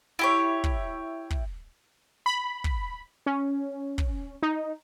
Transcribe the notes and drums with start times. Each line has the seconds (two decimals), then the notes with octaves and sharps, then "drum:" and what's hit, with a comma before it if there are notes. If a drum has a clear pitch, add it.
0.19 E4 G4 C#5
0.64 drum: kick
1.30 drum: kick
2.26 B5
2.64 drum: kick
3.26 C#4
3.98 drum: kick
4.42 D#4